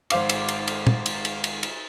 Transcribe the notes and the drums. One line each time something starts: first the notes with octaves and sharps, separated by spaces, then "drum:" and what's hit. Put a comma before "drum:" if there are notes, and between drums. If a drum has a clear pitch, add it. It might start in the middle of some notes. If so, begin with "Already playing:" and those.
G#1 C5 F5 D6, drum: cymbal
drum: cymbal
drum: cymbal
drum: cymbal
drum: tom
drum: cymbal
drum: cymbal
drum: cymbal
drum: cymbal